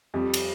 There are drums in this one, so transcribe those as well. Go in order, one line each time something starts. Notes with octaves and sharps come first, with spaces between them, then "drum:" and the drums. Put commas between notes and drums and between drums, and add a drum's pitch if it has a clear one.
F2 G3
drum: cymbal